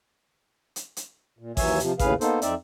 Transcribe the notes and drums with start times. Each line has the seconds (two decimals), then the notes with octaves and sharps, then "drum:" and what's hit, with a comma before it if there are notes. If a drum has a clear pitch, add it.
0.76 drum: hi-hat
0.97 drum: hi-hat
1.39 A#2
1.57 D#2 E3 F#3 C#5 E5 G#5, drum: kick A1, open hi-hat
1.80 C3 F3, drum: hi-hat
1.99 D#2 A2 C#3 G#4 B4 F5, drum: kick A1, hi-hat
2.21 A#3 B3 D#4 A4 C5, drum: hi-hat
2.42 F2 C4 D#4 D5 E5, drum: hi-hat